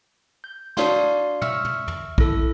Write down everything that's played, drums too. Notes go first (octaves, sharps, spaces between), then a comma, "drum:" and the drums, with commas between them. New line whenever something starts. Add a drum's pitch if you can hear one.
G6
D4 F#4 C#5 D5 F5 C6, drum: snare
E5 C#6 E6 F6 C#7, drum: tom
drum: tom
drum: tom
E4 A4, drum: kick A#1